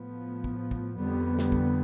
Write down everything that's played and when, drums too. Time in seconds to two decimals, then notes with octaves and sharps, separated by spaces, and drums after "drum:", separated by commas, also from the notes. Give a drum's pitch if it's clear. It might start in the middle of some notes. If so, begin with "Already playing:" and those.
Already playing: A2 F3 B3
0.44 drum: kick
0.71 drum: kick
0.98 F2 D3 G3 B3
1.39 drum: snare
1.52 drum: kick